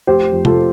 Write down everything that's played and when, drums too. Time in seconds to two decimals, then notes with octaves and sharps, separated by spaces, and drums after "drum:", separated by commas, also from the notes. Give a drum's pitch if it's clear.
0.07 F1 G4 C5
0.32 F2
0.45 F4 A4, drum: tom C3